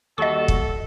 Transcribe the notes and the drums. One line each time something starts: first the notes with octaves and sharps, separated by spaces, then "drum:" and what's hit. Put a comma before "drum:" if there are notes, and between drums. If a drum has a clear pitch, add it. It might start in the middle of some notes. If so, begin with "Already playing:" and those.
D#2 G3 F#4 A4 D#5 C#6
drum: kick